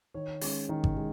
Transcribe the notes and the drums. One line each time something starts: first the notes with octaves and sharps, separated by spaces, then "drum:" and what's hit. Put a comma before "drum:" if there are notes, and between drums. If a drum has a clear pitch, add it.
D#3 C#5
G#3 C#4, drum: open hi-hat
D#3
drum: kick G#1
G#3